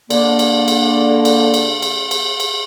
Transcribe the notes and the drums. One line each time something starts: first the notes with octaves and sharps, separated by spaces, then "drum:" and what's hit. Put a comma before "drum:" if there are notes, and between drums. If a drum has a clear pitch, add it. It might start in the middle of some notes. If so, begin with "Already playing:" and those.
D3 A#3, drum: cymbal
drum: cymbal
drum: cymbal
drum: cymbal
drum: cymbal
drum: cymbal
drum: cymbal
drum: cymbal